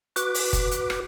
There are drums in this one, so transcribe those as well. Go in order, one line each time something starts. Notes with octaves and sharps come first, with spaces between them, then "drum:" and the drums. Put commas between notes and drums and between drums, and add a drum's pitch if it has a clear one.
F#4 B4 D6, drum: hi-hat
drum: open hi-hat
drum: kick F1, hi-hat
drum: hi-hat
drum: rim click